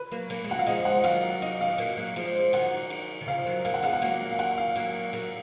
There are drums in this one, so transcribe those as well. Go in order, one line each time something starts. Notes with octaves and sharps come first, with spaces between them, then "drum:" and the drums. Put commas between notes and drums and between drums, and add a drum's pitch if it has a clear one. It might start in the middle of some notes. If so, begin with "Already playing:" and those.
Already playing: B4
F#3 A#3
F#3 A#3, drum: cymbal
G#3
F#3 A#3 F#5
F5
F3 G#3 D#5, drum: cymbal
F#5
F3
D#3 F#3 F5, drum: cymbal
D#5, drum: cymbal
F5
B3
F#3 A#3, drum: cymbal
F#3 A#3
F3 G#3, drum: cymbal
D#3 F#3 F#5, drum: cymbal
drum: cymbal
D#3
C#3 F3 F5
D#3 F#3
F#3 A#3 F5, drum: cymbal
F#5
G#3 B3 F5
F#5
F#3 A#3, drum: cymbal
F5
F#5, drum: cymbal
F5
F#3 A#3, drum: cymbal
F#3 A#3, drum: cymbal